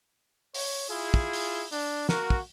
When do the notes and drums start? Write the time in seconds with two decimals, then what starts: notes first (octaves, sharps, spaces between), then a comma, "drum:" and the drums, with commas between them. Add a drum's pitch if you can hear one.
0.54 C#5, drum: open hi-hat
0.89 E4 F4 G#4
1.14 drum: kick
1.33 drum: open hi-hat
1.72 D4, drum: open hi-hat
2.09 A#3 F#4 A#4, drum: snare
2.30 drum: kick